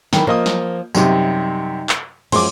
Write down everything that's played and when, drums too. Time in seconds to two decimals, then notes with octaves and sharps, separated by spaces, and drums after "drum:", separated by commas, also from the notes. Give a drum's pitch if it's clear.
0.13 D#3 E3 B4, drum: snare
0.27 F3 A#3 D#5 D#6
0.46 drum: snare
0.95 F#2 C3 G3 D#4 G4, drum: tambourine
1.89 drum: clap
2.32 F#2 F3 G#3 C6 D6, drum: cymbal